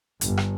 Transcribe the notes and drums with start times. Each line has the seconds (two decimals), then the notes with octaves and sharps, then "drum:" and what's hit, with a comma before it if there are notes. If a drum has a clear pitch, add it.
0.21 G1, drum: hi-hat
0.37 drum: rim click